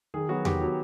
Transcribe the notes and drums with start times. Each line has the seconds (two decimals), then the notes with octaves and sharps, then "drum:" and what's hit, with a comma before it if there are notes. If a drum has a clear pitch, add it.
0.14 D#3 G#4
0.29 F#3 B3 F#4
0.45 D#3 G4, drum: tom E2
0.61 F#3 B3